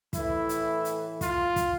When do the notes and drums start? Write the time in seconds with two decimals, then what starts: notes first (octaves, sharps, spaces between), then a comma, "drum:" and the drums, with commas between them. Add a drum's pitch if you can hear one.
0.13 A2 E3 E4, drum: kick, hi-hat
0.49 drum: hi-hat
0.85 drum: hi-hat
1.21 F4, drum: kick, hi-hat
1.56 drum: kick, hi-hat